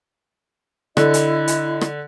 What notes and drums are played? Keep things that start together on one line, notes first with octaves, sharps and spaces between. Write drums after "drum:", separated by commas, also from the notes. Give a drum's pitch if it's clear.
D3 E4 D#5, drum: rim click
drum: hi-hat
drum: hi-hat
drum: rim click